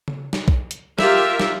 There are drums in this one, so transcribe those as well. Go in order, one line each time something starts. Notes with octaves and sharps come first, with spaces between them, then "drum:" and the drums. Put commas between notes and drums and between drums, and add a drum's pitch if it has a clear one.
drum: tom C#3
drum: snare
drum: kick B1
drum: hi-hat
F4 G4 A#4 E5, drum: snare
drum: snare